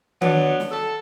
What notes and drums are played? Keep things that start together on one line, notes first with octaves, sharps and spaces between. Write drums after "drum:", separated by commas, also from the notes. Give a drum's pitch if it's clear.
F#3 B3 D4, drum: tom D#3
drum: snare
A4